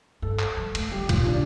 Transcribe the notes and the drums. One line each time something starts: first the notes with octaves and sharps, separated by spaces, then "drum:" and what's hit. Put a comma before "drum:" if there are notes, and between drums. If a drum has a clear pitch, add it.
G2 A4
drum: clap
G3
A3, drum: cymbal
G3 G4
A3
F4, drum: kick, cymbal
A#2
C#3 D4